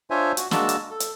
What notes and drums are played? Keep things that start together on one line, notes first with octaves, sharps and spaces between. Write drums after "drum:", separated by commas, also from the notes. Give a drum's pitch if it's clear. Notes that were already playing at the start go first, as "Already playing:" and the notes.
D4 F4 C5 C#5 E5 G#5
F#4, drum: hi-hat
G#3 A#3 D4 F#4 A5 E6, drum: snare
drum: hi-hat
A4
drum: hi-hat